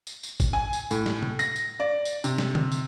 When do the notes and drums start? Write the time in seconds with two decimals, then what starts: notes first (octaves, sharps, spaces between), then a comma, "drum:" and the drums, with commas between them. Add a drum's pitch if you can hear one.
0.07 drum: tambourine
0.23 drum: tambourine
0.40 drum: kick G#1, tambourine
0.53 G#5
0.73 drum: tambourine
0.91 A2, drum: tambourine
1.06 drum: snare
1.23 drum: tom C3
1.39 A#6, drum: tambourine
1.56 drum: tambourine
1.80 D5
2.05 drum: tambourine
2.24 C3, drum: tambourine
2.38 drum: snare
2.55 drum: tom D3
2.72 drum: tambourine